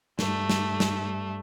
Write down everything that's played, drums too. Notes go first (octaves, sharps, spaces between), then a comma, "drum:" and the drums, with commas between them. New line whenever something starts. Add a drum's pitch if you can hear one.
G2 A3, drum: snare
drum: snare
drum: snare